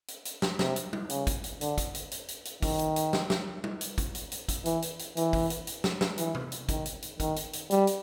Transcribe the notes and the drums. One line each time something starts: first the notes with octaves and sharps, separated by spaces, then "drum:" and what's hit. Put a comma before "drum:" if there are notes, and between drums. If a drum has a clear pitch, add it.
drum: hi-hat
drum: hi-hat
drum: snare
C3, drum: snare
drum: hi-hat
drum: tom G3
C#3, drum: hi-hat
drum: kick, hi-hat
drum: hi-hat
D3, drum: hi-hat
drum: kick, hi-hat
drum: hi-hat
drum: hi-hat
drum: hi-hat
drum: hi-hat
D#3, drum: kick, open hi-hat
drum: hi-hat
drum: hi-hat
drum: snare
drum: snare
drum: tom G3
drum: hi-hat
drum: kick, hi-hat
drum: hi-hat
drum: hi-hat
drum: kick, hi-hat
E3, drum: hi-hat
drum: hi-hat
drum: hi-hat
E3, drum: hi-hat
drum: kick, open hi-hat
drum: hi-hat
drum: hi-hat
drum: snare
drum: snare
E3, drum: hi-hat
drum: tom C3
drum: hi-hat
D#3, drum: kick, hi-hat
drum: hi-hat
drum: hi-hat
D#3, drum: kick, hi-hat
drum: hi-hat
drum: hi-hat
G3, drum: hi-hat
drum: hi-hat